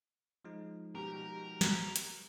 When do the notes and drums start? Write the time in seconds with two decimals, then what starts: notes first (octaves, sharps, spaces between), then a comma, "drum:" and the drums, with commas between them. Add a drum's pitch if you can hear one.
0.45 F3 G#3 D#4
0.95 B2 G3 G4 A#4
1.61 drum: snare
1.96 drum: hi-hat